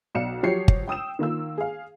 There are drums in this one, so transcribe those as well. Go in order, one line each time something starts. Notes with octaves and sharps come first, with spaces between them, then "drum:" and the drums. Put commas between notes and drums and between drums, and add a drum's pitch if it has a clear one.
B1 D5 F5 C#7 E7
F3 F#3 G4 C#5 C7 C#7
drum: kick G1
G5 D#6 E6 E7
D#3 A#3 F4 E6
G#4 F5